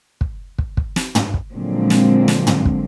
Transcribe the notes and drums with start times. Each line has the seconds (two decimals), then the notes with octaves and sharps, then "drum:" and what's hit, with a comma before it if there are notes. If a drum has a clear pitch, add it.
0.21 drum: kick
0.58 drum: kick
0.77 drum: kick
0.96 drum: snare
1.15 drum: tom
1.34 drum: kick
1.53 A#2 D3 F3 F#3 G#3 C4
1.90 drum: snare
2.28 drum: snare
2.47 drum: tom
2.65 drum: kick